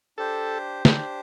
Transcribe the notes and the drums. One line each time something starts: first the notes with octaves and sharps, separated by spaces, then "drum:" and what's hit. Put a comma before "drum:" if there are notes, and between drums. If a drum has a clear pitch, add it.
D4 G4 A4 C5
D4 G4 C5, drum: snare